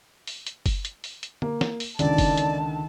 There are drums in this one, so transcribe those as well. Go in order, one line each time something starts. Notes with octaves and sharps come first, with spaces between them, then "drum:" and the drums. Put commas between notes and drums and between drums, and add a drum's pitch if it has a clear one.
drum: open hi-hat
drum: hi-hat
drum: kick F#1, open hi-hat
drum: hi-hat
drum: open hi-hat
drum: hi-hat
A#3, drum: tom D3
drum: snare
drum: open hi-hat
C#2 D3 D#3 D5 A5, drum: hi-hat
drum: kick F#1, open hi-hat
drum: hi-hat